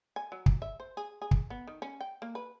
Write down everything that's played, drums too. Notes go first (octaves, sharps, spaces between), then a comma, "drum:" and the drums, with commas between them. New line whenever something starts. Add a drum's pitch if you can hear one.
G#5
F#3
drum: kick
E5
C5
G#4
G#4
drum: kick
B3
D#3
C#4
G5
A#3
B4